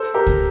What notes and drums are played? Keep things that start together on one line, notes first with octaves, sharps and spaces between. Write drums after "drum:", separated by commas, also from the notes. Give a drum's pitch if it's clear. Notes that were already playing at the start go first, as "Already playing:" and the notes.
Already playing: A4 C5
G4 A#4
drum: kick C#2